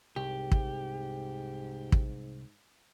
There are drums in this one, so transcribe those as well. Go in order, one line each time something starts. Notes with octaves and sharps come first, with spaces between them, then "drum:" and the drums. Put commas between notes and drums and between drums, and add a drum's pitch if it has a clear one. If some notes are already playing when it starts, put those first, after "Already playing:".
C2 G#2 G4
drum: kick
drum: kick